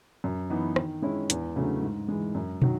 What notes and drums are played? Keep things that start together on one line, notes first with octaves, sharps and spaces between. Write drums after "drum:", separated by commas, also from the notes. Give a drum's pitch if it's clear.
F#2
E3 B3 D#4
D#3, drum: rim click
G#3 C#4 E4
E2, drum: hi-hat
C#3 F#3 A3
G#2
E3 G#3
F#2
D#3 F#3, drum: tom